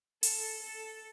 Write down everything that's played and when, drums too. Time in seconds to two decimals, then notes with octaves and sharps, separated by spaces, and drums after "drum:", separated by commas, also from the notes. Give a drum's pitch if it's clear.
0.23 A4, drum: hi-hat
0.62 A4